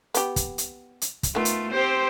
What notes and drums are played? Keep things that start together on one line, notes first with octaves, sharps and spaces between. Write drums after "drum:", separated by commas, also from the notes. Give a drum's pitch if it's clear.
B3 G4, drum: hi-hat
drum: kick, hi-hat
drum: hi-hat
drum: hi-hat
drum: kick, hi-hat
D#3 A3 B3 F4
drum: hi-hat
C4 G4 C5